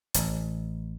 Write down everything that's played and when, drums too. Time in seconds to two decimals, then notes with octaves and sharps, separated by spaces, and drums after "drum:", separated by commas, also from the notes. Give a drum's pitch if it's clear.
0.14 A1, drum: hi-hat